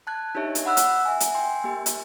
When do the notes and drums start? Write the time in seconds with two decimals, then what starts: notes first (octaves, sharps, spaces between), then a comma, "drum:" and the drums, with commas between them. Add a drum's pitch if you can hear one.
0.07 A5 F#6 G#6
0.35 D4 D#4 G4 C#5 E5
0.55 drum: hi-hat
0.65 F#5 B5 E6 F#6
0.77 drum: hi-hat
1.05 E5 G#5
1.20 drum: hi-hat
1.35 G5 G#5 C6
1.64 A#3 G4
1.86 drum: hi-hat